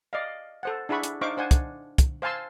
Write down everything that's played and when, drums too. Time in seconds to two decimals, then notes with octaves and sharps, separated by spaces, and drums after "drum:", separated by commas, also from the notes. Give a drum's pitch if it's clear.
0.13 D5 D#5 F5
0.63 A4 C5 F#5
0.89 D4 E4 G#4 F#5 B5 C#6
1.03 drum: hi-hat
1.21 D4 D#4 C5 F5 C#6 D6
1.37 D4 C5 F#5 G#5
1.51 drum: kick, hi-hat
1.98 drum: kick, hi-hat
2.22 C5 F5 G#5 A5 C6 E6